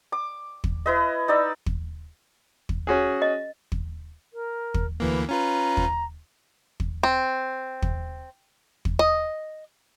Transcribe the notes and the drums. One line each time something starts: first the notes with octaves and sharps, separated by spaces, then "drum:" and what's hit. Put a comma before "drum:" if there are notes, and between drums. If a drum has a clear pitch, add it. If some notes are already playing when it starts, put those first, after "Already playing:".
D6
drum: kick
E4 B4 D#5
D#4 D5 E6
drum: kick
drum: kick
C#4 F#4 G#4
D#5
drum: kick
A#4
drum: kick
D2 E3 A#3 B4
C#4 F4 B4 A#5
drum: kick
drum: kick
C4
drum: kick
drum: kick
D#5